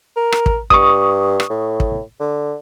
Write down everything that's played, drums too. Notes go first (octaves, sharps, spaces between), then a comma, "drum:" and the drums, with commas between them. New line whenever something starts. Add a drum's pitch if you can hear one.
A#4
drum: rim click
drum: kick
G2 C#6 D#6, drum: kick
drum: rim click
A2
drum: kick
D3